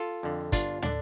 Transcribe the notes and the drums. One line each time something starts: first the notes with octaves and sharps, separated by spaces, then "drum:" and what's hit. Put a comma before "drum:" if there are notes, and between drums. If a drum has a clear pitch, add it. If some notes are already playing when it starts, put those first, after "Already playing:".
Already playing: F4 A4
F2 D3
G1 D4 F4, drum: kick, hi-hat
D3 D4, drum: tom